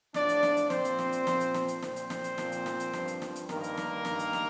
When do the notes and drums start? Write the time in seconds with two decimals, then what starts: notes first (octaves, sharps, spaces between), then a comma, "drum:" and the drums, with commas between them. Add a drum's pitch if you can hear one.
0.14 A2 F3 D4 D5, drum: snare
0.29 drum: hi-hat
0.43 drum: snare
0.57 drum: hi-hat
0.70 A#2 F3 C4 C5, drum: snare
0.85 drum: hi-hat
0.98 drum: snare
1.12 drum: hi-hat
1.27 A#2 F3, drum: snare
1.40 drum: hi-hat
1.54 drum: snare
1.68 drum: hi-hat
1.82 A#2 F3 C4 C5, drum: snare
1.96 drum: hi-hat
2.10 drum: snare
2.24 drum: hi-hat
2.38 A#2 F3, drum: snare
2.52 drum: hi-hat
2.66 drum: snare
2.80 drum: hi-hat
2.93 G2 F3, drum: snare
3.08 drum: hi-hat
3.22 drum: snare
3.36 drum: hi-hat
3.49 G2 D#3 A#3 A#4, drum: snare
3.63 drum: hi-hat
3.77 drum: snare
4.05 G2 D#3, drum: snare
4.19 drum: hi-hat
4.33 drum: snare